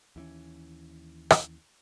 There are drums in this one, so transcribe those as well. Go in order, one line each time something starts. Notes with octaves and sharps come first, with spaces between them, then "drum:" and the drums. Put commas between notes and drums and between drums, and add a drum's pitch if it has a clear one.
D#2 E3 C#4
drum: rim click